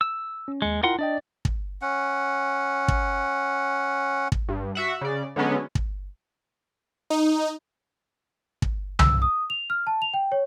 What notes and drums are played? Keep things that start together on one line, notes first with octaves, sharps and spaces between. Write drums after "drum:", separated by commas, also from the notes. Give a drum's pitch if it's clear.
E6
C#4
D#2 G#3 C#7
E4 F4 A#4 F#5 G5 C6
D4 D5 D#5 G5
drum: kick
C#4 F#5
drum: kick
drum: kick
G2
F#4 E5 F#5
C#3 D5
D3 F#3 G#3 B3 C#4
drum: kick
D#4
drum: kick
E6, drum: tom C2
D#6
F7
F6
A5
F7
G5
C#5